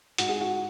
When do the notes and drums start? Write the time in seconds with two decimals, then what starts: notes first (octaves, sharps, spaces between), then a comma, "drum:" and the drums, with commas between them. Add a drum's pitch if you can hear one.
0.18 G#2 F#4, drum: hi-hat
0.29 G#4
0.41 F#4